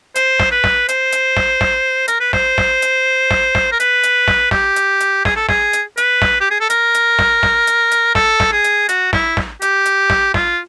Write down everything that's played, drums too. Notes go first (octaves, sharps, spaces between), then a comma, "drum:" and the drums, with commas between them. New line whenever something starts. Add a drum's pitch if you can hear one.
C5, drum: hi-hat
drum: snare
B4
drum: snare
C5, drum: hi-hat
drum: hi-hat
drum: snare
drum: snare
A#4, drum: hi-hat
B4
C5, drum: snare
drum: snare
drum: hi-hat
drum: snare
drum: snare
A#4
B4, drum: hi-hat
drum: hi-hat
drum: snare
G4, drum: snare
drum: hi-hat
drum: hi-hat
G#4, drum: snare
A4
G#4, drum: snare
drum: hi-hat
B4, drum: hi-hat
drum: snare
G4
G#4
A4
A#4, drum: hi-hat
drum: hi-hat
drum: snare
drum: snare
drum: hi-hat
drum: hi-hat
A4, drum: snare
drum: snare
G#4
drum: hi-hat
F#4, drum: hi-hat
E4, drum: snare
drum: snare
G4, drum: hi-hat
drum: hi-hat
drum: snare
F4, drum: snare